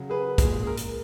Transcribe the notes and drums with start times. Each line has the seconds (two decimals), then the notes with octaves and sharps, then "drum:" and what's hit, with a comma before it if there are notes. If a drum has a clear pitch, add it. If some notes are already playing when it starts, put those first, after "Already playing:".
Already playing: C#3 F#3
0.09 G#4 B4
0.38 A#2 G#3 G#4, drum: kick, hi-hat
0.63 G#4
0.67 A#4
0.77 drum: hi-hat